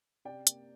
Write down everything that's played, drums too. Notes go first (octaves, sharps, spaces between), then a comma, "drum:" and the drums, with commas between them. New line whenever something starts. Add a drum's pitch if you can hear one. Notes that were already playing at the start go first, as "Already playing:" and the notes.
C3 D5 G5
A#3, drum: hi-hat